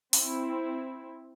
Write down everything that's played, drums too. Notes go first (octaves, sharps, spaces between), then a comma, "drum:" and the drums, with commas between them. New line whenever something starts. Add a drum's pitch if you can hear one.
C4 E4, drum: open hi-hat